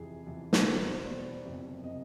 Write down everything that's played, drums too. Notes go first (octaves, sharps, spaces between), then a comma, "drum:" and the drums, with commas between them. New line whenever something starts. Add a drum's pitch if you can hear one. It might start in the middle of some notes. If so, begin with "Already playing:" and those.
Already playing: F2 C3 E3 G#4
F2 C3 E3
drum: snare
E2 B2 G3 B3 A4
A#4
C5
C5
E2 B2 G3 B3 D5
F#1 F2 C3
C3 D#5